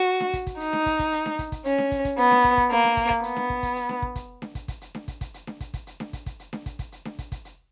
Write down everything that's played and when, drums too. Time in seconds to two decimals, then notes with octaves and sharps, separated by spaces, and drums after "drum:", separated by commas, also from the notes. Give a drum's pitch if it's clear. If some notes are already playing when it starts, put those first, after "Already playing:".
Already playing: F#4
0.20 drum: snare D4
0.33 drum: kick, hi-hat
0.47 drum: kick, hi-hat
0.60 D#4, drum: hi-hat
0.73 drum: snare D4
0.86 drum: kick, hi-hat
0.99 drum: kick, hi-hat
1.13 drum: hi-hat
1.26 drum: snare D4
1.39 drum: kick, hi-hat
1.52 drum: kick, hi-hat
1.65 C#4, drum: hi-hat
1.78 drum: snare D4
1.92 drum: kick, hi-hat
2.05 drum: kick, hi-hat
2.18 B3, drum: hi-hat
2.31 drum: snare D4
2.44 drum: kick, hi-hat
2.57 drum: kick, hi-hat
2.71 A#3, drum: hi-hat
2.84 drum: snare D4
2.97 drum: kick, hi-hat
3.10 drum: kick, hi-hat
3.23 B3, drum: hi-hat
3.36 drum: snare D4
3.50 drum: kick
3.63 drum: kick, hi-hat
3.76 drum: hi-hat
3.89 drum: snare D4
4.02 drum: kick
4.16 drum: kick, hi-hat
4.42 drum: snare D4
4.55 drum: kick, hi-hat
4.68 drum: kick, hi-hat
4.81 drum: hi-hat
4.95 drum: snare D4
5.08 drum: kick, hi-hat
5.21 drum: kick, hi-hat
5.34 drum: hi-hat
5.47 drum: snare D4
5.60 drum: kick, hi-hat
5.74 drum: kick, hi-hat
5.87 drum: hi-hat
6.00 drum: snare D4
6.13 drum: kick, hi-hat
6.26 drum: kick, hi-hat
6.39 drum: hi-hat
6.53 drum: snare D4
6.66 drum: kick, hi-hat
6.79 drum: kick, hi-hat
6.92 drum: hi-hat
7.05 drum: snare D4
7.19 drum: kick, hi-hat
7.32 drum: kick, hi-hat
7.45 drum: hi-hat